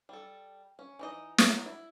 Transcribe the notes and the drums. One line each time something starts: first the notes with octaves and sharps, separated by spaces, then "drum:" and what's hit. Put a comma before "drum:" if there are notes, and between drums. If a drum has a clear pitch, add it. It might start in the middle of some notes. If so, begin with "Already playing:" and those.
G3 A4
C#4
E3 D#4 D#5
drum: snare
F#3 B3
E4